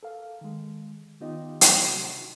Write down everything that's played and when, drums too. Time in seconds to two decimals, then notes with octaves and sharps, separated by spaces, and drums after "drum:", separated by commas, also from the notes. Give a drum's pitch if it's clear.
0.03 A4 A#4 F5
0.41 D#3 G#3
1.21 D#3 B3 D#4 F4 G4 D#5
1.61 F#3 A3, drum: hi-hat
1.88 C3 F#4